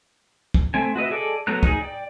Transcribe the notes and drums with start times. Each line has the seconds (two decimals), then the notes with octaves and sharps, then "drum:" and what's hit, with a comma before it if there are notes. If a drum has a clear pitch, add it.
0.54 drum: kick
0.74 A3 C4 G#5
0.96 F#4 B4 D#5 E5
1.11 G#4 A4 D5 D#5
1.47 F#3 A3 B3 A#5 F#6
1.63 D#4 G#4, drum: kick
1.81 D5 G5